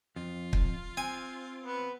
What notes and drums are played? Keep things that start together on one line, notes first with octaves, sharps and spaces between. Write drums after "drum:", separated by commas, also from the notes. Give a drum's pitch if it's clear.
F2 F4
drum: kick
C4 G#5
B3